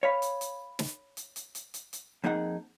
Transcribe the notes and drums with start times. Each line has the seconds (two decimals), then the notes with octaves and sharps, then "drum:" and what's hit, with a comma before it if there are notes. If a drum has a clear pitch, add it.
0.03 C#5 F5 B5
0.22 drum: hi-hat
0.41 drum: hi-hat
0.79 drum: snare
1.17 drum: hi-hat
1.36 drum: hi-hat
1.55 drum: hi-hat
1.74 drum: hi-hat
1.93 drum: hi-hat
2.24 F2 A#3 D#4 G#4 F#5